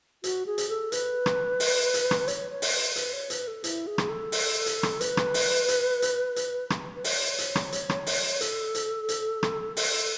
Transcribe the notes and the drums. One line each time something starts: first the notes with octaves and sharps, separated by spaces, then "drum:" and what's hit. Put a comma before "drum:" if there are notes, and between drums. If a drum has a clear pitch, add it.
F#4, drum: hi-hat
G#4
drum: hi-hat
A4
B4, drum: hi-hat
drum: rim click
drum: open hi-hat
drum: hi-hat
drum: rim click
C#5, drum: hi-hat
C#5
drum: open hi-hat
B4
B4, drum: hi-hat
C#5
B4, drum: hi-hat
A4
E4, drum: hi-hat
G#4
drum: rim click
A4
drum: open hi-hat
drum: hi-hat
drum: rim click
B4, drum: hi-hat
drum: rim click
drum: open hi-hat
drum: hi-hat
drum: hi-hat
drum: hi-hat
drum: rim click
B4
C#5, drum: open hi-hat
drum: hi-hat
drum: rim click
drum: hi-hat
drum: rim click
drum: open hi-hat
A4, drum: hi-hat
drum: hi-hat
drum: hi-hat
drum: rim click
A4, drum: open hi-hat